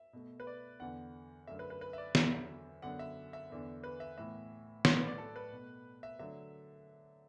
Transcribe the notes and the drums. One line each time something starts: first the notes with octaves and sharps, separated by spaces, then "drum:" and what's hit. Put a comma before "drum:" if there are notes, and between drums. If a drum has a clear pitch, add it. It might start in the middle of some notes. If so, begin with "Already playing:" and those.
Already playing: E5
B2 A3
B4
D5
E2 D3 B3 F#5
F#2 D3 A3 E5
B4
B4
B4
E5
D5
E2 D3 F#3 E5, drum: snare
F#2 D3 B3 F#5
E5
E5
E2 D3 B3
B4
E5
A2 E3 B3 E5
A2 F#3 A3 D5, drum: snare
B4
D5
A4
B4
B2 A3
E5
D3 F#3 A3 E5